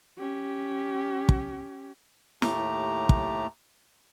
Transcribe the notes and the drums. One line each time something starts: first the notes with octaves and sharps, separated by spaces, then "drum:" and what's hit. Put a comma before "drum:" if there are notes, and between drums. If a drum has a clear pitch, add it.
C#4 G4
drum: kick
D#2 A2 A3 G4 A#5, drum: snare
drum: kick